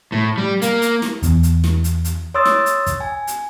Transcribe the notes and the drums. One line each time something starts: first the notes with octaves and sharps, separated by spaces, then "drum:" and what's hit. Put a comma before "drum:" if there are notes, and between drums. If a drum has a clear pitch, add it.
A2
G3
A#3, drum: hi-hat
drum: hi-hat
drum: snare
E2, drum: hi-hat
drum: hi-hat
drum: snare
drum: hi-hat
drum: hi-hat
C#5 C6 D#6 E6 A6
drum: snare
drum: hi-hat
drum: kick, hi-hat
G#5
drum: hi-hat